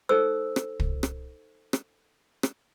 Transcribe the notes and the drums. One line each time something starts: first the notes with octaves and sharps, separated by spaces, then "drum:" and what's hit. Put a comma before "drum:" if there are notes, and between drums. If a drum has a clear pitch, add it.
D#4 A4 C5 E6
drum: rim click
drum: kick
drum: rim click
drum: rim click
drum: rim click